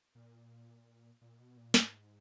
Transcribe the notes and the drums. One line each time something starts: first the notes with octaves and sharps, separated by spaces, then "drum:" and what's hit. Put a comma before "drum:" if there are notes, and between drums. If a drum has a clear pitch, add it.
A#2
A#2
B2
A#2
G#2, drum: snare